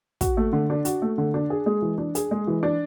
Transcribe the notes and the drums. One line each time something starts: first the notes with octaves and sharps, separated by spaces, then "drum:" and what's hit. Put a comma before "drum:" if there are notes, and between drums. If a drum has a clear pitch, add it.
F#4, drum: kick, hi-hat
A3
D3
D4
F#4, drum: hi-hat
A3
D3
D4
G#4
G#3
E3
D4
G#4, drum: hi-hat
G#3
E3
D4